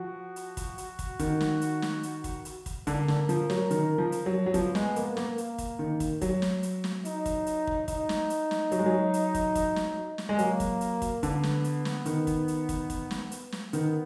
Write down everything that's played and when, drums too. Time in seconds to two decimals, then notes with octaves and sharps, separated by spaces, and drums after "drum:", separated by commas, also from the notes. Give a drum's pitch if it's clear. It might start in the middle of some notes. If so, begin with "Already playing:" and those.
Already playing: F3 F#4
0.36 drum: hi-hat
0.57 drum: kick, hi-hat
0.78 drum: hi-hat
0.99 drum: kick, hi-hat
1.19 D#3, drum: kick, hi-hat
1.41 drum: snare
1.61 drum: hi-hat
1.82 drum: snare
2.03 drum: hi-hat
2.24 drum: kick, hi-hat
2.45 drum: hi-hat
2.66 drum: kick, hi-hat
2.87 D3 A#4, drum: kick, hi-hat
3.08 D3, drum: snare
3.29 F3, drum: hi-hat
3.50 F#3, drum: snare
3.71 D#3, drum: hi-hat
3.98 F3
4.12 drum: hi-hat
4.26 F#3
4.46 F#3
4.54 F3 B3, drum: kick, hi-hat
4.75 G#3, drum: snare
4.96 A#3, drum: hi-hat
5.17 A#3, drum: snare
5.38 A#3, drum: hi-hat
5.58 drum: kick, hi-hat
5.79 D#3
6.00 drum: kick, hi-hat
6.21 F#3, drum: kick, hi-hat
6.42 drum: snare
6.63 drum: hi-hat
6.84 drum: snare
7.05 D#4, drum: hi-hat
7.26 drum: kick, hi-hat
7.46 drum: hi-hat
7.67 drum: kick
7.88 D#4, drum: kick, hi-hat
8.09 drum: snare
8.30 drum: hi-hat
8.51 drum: snare
8.72 F#3, drum: hi-hat
8.79 G#3
8.86 F#3
9.14 drum: hi-hat
9.35 drum: kick, hi-hat
9.55 drum: kick, hi-hat
9.76 drum: snare
10.18 drum: snare
10.29 G#3
10.39 F#3 A#3, drum: hi-hat
10.60 drum: kick, hi-hat
10.81 drum: hi-hat
11.02 drum: kick, hi-hat
11.23 D3 B3, drum: kick, hi-hat
11.43 drum: snare
11.64 drum: hi-hat
11.85 drum: snare
12.06 D#3, drum: hi-hat
12.27 drum: kick, hi-hat
12.48 drum: hi-hat
12.69 drum: kick, hi-hat
12.90 drum: kick, hi-hat
13.11 drum: snare
13.32 drum: hi-hat
13.52 drum: snare
13.73 D#3 B3, drum: hi-hat